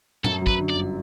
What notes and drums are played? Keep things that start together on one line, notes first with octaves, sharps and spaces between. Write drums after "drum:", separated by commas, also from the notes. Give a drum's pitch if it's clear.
F#2 A4, drum: tom
F#3
B4, drum: kick
D3
D5
G1